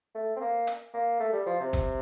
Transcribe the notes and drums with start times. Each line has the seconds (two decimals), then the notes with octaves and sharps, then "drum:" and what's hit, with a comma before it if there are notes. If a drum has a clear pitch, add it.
0.15 A3
0.37 C4
0.41 A#3
0.67 drum: hi-hat
0.94 A#3
1.20 A3
1.33 G3
1.46 F3
1.60 C3
1.73 drum: kick, hi-hat